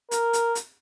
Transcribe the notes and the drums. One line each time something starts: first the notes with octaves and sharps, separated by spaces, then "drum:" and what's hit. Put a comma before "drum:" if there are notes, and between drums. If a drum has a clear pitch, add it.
A#4, drum: hi-hat
drum: hi-hat
drum: hi-hat